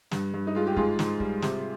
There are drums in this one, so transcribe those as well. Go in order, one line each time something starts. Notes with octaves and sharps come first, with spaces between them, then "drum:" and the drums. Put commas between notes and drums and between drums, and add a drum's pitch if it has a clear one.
G2, drum: snare
G2
D#4
G#3 F4
G4
G#2 F4 G#4, drum: kick
G#2, drum: snare
G3, drum: kick
C3, drum: snare